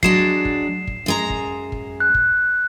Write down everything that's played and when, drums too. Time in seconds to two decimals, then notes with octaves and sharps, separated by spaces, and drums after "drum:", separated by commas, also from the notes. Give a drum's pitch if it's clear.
0.03 F#3 G#3 D4 C7 E7, drum: kick
0.45 drum: kick
0.87 drum: kick
1.06 F#2 G#3 A#5
1.30 drum: kick
1.72 drum: kick
2.00 F#6
2.14 drum: kick